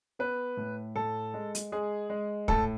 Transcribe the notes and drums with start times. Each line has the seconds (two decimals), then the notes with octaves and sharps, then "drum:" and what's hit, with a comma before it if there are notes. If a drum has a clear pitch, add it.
0.19 B3 B4
0.57 A2
0.96 A2 A4
1.34 G#3
1.55 drum: hi-hat
1.72 G#3 G#4
2.10 G#3
2.48 A2 A4, drum: kick